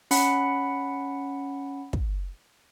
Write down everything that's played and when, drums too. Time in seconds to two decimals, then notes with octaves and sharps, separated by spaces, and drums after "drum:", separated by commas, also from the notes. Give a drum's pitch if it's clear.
0.11 C#4 F#5 B5 C#7, drum: open hi-hat
1.93 drum: kick